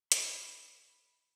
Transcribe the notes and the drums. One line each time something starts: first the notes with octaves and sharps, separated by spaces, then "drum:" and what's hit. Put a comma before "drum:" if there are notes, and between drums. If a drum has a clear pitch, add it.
B5, drum: hi-hat